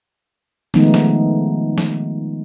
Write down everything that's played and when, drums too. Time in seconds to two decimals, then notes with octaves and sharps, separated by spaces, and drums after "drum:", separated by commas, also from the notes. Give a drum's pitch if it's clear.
0.74 D#3 F3 G#3 A3 B3 D#4, drum: snare
0.94 drum: snare
1.78 drum: snare